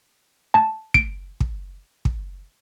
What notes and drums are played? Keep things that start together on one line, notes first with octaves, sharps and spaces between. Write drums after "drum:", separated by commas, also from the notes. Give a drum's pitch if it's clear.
A5
D7, drum: kick
drum: kick
drum: kick